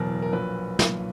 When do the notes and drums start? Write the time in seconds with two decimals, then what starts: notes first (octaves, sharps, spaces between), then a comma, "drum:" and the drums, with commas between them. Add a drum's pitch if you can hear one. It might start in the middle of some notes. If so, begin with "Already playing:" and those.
Already playing: F#1 E2 B2 F#3 A#4
0.22 A#4
0.33 A#1 A#2 F#3 B4
0.79 B1 A#2 F#3, drum: snare